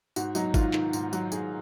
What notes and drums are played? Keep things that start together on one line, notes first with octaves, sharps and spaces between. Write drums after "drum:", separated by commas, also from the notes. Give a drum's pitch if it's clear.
G#2 F#4, drum: tambourine
F#3 D#4, drum: tambourine
G#2 F4, drum: kick G#1, tambourine
D#3, drum: clap
G#2, drum: tambourine
F#3, drum: tambourine
G#2 G#4, drum: tambourine